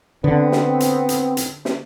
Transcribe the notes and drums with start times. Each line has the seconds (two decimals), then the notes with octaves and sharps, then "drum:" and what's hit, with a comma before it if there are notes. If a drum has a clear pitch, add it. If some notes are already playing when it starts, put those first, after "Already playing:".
0.24 D3 B3 C4
0.52 drum: snare
0.80 drum: hi-hat
1.09 drum: hi-hat
1.37 drum: hi-hat
1.65 drum: snare